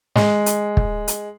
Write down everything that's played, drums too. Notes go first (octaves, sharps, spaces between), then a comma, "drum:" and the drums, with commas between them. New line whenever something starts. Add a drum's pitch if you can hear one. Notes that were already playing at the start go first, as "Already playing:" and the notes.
G#3, drum: snare
drum: hi-hat
drum: kick
drum: hi-hat